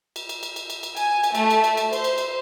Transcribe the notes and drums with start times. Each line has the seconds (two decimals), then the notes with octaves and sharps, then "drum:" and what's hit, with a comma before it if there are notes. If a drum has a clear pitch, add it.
0.16 drum: cymbal
0.29 drum: cymbal
0.43 drum: cymbal
0.56 drum: cymbal
0.70 drum: cymbal
0.83 drum: cymbal
0.97 G#5, drum: cymbal
1.23 drum: cymbal
1.35 A3, drum: cymbal
1.50 drum: cymbal
1.64 drum: cymbal
1.77 drum: cymbal
1.93 C5, drum: cymbal
2.04 drum: cymbal
2.18 drum: cymbal